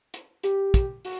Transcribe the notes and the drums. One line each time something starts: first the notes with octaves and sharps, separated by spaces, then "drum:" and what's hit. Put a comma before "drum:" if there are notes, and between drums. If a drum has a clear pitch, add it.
drum: hi-hat
G4, drum: hi-hat
drum: kick, hi-hat
F#4, drum: open hi-hat